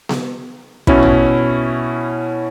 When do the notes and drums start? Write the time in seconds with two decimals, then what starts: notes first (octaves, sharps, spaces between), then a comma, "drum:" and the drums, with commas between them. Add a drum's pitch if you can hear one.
0.09 drum: snare B3
0.87 B2 C#4 E4, drum: kick
1.03 drum: tom A#1